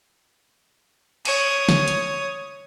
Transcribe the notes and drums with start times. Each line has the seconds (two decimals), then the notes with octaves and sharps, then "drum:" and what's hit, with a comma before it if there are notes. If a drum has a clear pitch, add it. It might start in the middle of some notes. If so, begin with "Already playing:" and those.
1.25 C#5 D#6, drum: cymbal
1.69 drum: snare
1.88 drum: hi-hat